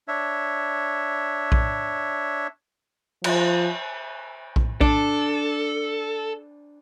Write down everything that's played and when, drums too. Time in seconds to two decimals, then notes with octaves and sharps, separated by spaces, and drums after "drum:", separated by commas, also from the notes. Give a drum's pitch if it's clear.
0.08 D4 C#5 E5
1.52 drum: kick A#1
3.24 F3, drum: cymbal
4.56 drum: kick A#1
4.81 D4 A4, drum: kick A#1